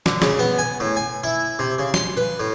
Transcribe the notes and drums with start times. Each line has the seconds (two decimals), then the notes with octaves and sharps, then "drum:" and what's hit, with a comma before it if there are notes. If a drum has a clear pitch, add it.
0.06 D3, drum: snare
0.22 C#3, drum: snare
0.39 B3
0.59 G#5
0.80 A2
0.96 G#5
1.24 E4
1.59 C3
1.79 C#3
1.94 C6, drum: snare
2.17 B4
2.40 A2